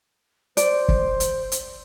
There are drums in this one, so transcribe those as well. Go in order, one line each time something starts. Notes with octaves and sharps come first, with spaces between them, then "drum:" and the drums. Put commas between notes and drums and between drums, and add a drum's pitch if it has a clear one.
C5 D5, drum: hi-hat
drum: kick
drum: hi-hat
drum: hi-hat